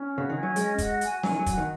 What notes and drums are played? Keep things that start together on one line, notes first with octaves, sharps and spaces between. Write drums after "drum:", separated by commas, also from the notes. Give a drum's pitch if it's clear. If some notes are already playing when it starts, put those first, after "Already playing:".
Already playing: C#4
F#4
C#3
D#3 C#4
F#3
G#3 D#5, drum: hi-hat
F#4, drum: kick, hi-hat
G#5, drum: hi-hat
F#3 G#5, drum: snare C#4
D#3
F#3
F#4, drum: kick, hi-hat
D#3